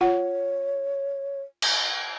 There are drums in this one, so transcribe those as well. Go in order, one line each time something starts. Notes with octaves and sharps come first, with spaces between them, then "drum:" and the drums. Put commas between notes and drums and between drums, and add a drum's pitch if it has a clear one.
F4 C#5 F#5
drum: cymbal